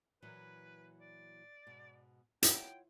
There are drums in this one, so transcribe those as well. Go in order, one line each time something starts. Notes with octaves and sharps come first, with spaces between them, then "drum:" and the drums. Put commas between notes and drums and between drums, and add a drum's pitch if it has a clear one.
A#2 E3 F#3 B4
D5
G#2 B2
E4 F4 C#5 F#5 G5, drum: hi-hat